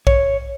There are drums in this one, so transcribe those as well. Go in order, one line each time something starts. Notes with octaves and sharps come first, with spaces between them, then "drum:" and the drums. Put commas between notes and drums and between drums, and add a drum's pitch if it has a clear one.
C#5, drum: kick B1